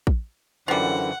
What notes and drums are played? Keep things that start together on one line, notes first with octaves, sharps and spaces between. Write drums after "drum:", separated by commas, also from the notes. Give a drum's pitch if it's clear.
drum: kick
F#2 D3 E3 F3 G3 F#5